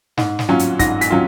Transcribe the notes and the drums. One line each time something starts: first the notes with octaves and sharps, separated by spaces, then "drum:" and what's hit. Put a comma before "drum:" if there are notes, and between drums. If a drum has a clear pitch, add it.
G#2, drum: snare
drum: snare
F#3 C#4 F4
drum: hi-hat
G#2 A#6, drum: kick, hi-hat
B6, drum: hi-hat
F#3 C#4 F4